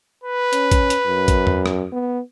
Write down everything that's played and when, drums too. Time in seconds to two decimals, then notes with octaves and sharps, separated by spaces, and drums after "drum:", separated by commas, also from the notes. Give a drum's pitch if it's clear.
0.24 B4
0.53 C#4, drum: hi-hat
0.71 drum: kick A1, hi-hat
0.90 drum: hi-hat
1.06 F#2
1.28 drum: kick A1, hi-hat
1.47 drum: tom E2
1.66 drum: rim click
1.92 B3